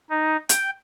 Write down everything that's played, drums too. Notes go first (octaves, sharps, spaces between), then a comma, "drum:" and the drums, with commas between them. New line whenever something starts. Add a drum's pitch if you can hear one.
D#4
G5, drum: hi-hat